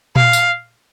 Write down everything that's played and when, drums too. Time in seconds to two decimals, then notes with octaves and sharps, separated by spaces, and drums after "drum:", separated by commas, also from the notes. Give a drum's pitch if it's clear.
0.16 F5, drum: tom A#2
0.33 drum: tambourine